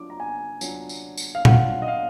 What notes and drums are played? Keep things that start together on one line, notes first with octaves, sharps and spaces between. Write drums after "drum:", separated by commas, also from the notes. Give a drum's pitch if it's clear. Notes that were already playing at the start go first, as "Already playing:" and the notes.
Already playing: F#3 D4 F4 D6
A#5
G#5
F#3 D4 F4, drum: tambourine
drum: tambourine
drum: tambourine
F5
F#3 D4 F4 F#5, drum: tom A#2
D#5
F5